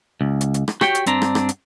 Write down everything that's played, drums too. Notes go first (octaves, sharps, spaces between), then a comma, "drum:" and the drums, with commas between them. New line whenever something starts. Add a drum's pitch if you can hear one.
C#2
drum: hi-hat
drum: hi-hat
drum: rim click
F#4 G4 C#5 G5, drum: rim click
drum: hi-hat
G2 C4 D4 A#5, drum: hi-hat
drum: rim click
drum: rim click
drum: hi-hat